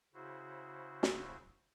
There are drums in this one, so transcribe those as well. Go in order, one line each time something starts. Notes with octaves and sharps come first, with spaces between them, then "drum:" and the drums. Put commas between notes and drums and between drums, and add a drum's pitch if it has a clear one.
C#3 E4 F#4 C5
drum: snare